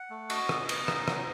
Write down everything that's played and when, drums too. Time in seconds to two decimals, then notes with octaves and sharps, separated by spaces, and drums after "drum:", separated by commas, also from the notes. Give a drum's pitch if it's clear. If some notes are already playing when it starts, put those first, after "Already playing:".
Already playing: F#5
0.10 A3
0.30 F#4 D#5, drum: cymbal
0.49 B3, drum: rim click
0.69 B3, drum: cymbal
0.88 D#4, drum: rim click
1.08 F#3, drum: rim click